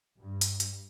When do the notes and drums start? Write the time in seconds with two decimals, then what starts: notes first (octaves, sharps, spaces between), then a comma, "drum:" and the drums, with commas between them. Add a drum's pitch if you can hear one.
0.20 G2
0.41 drum: hi-hat
0.60 drum: hi-hat